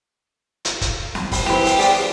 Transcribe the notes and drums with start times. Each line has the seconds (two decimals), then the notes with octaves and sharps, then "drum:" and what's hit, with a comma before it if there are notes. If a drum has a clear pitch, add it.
0.65 drum: hi-hat
0.81 drum: kick, hi-hat
1.15 drum: snare
1.32 B4, drum: kick, open hi-hat
1.46 E3 C4 G4 B4, drum: snare
1.65 drum: open hi-hat
1.79 G#4 D5 F5, drum: open hi-hat